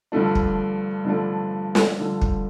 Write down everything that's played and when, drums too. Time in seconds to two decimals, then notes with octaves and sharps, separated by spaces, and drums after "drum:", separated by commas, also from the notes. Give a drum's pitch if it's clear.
0.12 G2 D3 F3 A3 D4
0.35 drum: kick
1.05 G2 D3 F3 A3 D4
1.75 drum: snare
1.99 G2 D3 F3 A3 D4
2.22 drum: kick